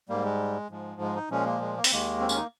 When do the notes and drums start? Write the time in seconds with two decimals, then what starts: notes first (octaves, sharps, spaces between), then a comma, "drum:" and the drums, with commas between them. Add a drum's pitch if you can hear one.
0.09 G#2 G3 A#3
0.24 G#3
0.70 G#2 F3 G#3
1.01 G#3
1.15 D#4
1.30 A#2 F3 G#3 C#4
1.46 A#3
1.61 G#3
1.77 A#3
1.84 C4, drum: open hi-hat
1.91 D#2 D#3 G#3 A#3
2.20 C4
2.29 C#4, drum: tambourine
2.36 D#4